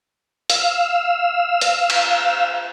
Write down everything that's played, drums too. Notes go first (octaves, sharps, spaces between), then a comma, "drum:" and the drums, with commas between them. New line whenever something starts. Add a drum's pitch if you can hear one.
F5 E6, drum: hi-hat
drum: hi-hat
drum: cymbal